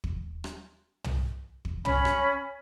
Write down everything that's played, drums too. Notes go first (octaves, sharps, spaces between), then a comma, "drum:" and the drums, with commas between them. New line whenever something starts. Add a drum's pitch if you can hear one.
drum: kick
drum: rim click
drum: tom
drum: kick
C#4 B5, drum: tom
drum: rim click